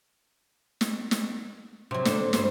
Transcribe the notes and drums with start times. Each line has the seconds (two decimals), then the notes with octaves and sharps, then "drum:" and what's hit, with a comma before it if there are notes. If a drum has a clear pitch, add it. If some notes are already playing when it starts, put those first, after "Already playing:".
0.81 drum: snare
1.11 drum: snare
1.91 C3 F#3
2.05 D3 C5, drum: snare
2.33 G2 C5, drum: snare